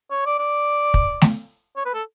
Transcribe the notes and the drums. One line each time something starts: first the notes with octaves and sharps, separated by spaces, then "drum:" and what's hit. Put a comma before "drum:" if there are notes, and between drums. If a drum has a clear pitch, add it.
C#5
D5
D5
drum: kick
drum: snare A3
C#5
B4
A4